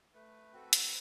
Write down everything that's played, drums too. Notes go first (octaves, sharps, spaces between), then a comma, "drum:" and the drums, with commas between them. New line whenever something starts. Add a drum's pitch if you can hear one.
A3 B4
C4 F#4 A4
drum: hi-hat